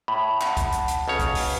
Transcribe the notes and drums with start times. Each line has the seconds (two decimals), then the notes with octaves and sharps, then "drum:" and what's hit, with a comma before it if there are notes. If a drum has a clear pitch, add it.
0.08 A2 B5
0.41 F#5 A5, drum: clap
0.57 drum: kick, hi-hat
0.72 drum: hi-hat
0.88 drum: hi-hat
1.08 B1 C#3 C#5
1.19 drum: kick, hi-hat
1.35 drum: open hi-hat